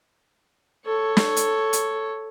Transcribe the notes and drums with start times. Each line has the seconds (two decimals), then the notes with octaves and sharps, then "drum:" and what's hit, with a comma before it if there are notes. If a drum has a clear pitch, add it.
0.86 A4 C#5
1.17 drum: snare
1.37 drum: hi-hat
1.73 drum: hi-hat